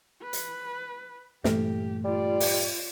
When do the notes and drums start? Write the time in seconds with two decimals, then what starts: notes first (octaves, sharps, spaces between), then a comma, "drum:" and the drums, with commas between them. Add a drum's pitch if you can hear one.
0.22 B4
0.33 drum: hi-hat
1.44 G2 A#2 E3 A3 G4, drum: snare
2.04 G3 F4 D5
2.40 drum: open hi-hat